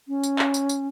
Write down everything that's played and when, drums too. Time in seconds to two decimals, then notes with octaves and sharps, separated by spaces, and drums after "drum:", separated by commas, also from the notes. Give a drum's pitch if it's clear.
0.08 C#4
0.23 drum: tambourine
0.39 drum: clap
0.54 drum: tambourine
0.69 drum: tambourine